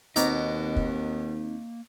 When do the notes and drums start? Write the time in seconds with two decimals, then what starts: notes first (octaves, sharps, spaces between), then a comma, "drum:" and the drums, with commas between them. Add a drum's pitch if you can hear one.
0.16 D#2 B2 A#3 C4 D#4 D#5 A#5 D6, drum: hi-hat
0.76 drum: kick